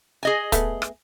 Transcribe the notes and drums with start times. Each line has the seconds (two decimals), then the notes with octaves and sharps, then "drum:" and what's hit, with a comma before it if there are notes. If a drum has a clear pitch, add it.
0.23 G#4 D#5 G#5
0.52 A3 B3, drum: kick, hi-hat
0.82 drum: rim click